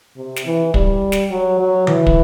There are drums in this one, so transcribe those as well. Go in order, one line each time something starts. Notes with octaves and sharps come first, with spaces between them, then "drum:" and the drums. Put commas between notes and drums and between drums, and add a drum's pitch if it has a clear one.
C3
drum: snare
E3
G3, drum: kick
drum: snare
F#3
F#3
E3, drum: tom D3
drum: kick